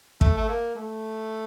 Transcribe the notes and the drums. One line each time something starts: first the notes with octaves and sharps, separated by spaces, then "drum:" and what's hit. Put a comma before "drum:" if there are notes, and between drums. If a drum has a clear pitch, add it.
A3, drum: kick
A3
A#3
A3